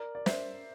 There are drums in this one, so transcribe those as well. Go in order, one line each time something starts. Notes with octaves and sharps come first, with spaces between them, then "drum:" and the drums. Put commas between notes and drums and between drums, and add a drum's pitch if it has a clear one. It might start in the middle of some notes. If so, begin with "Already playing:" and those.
Already playing: A#4 D5
D5
C5 E5, drum: snare